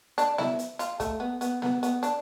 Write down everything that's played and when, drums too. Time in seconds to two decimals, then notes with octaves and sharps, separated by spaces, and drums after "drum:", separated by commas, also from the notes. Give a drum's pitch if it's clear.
0.18 D4, drum: hi-hat
0.38 E4, drum: snare B3
0.59 drum: hi-hat
0.79 F4, drum: hi-hat
1.00 A3, drum: kick, hi-hat
1.20 B3
1.41 B3, drum: hi-hat
1.62 B3, drum: snare B3
1.83 B3, drum: hi-hat
2.03 D4, drum: hi-hat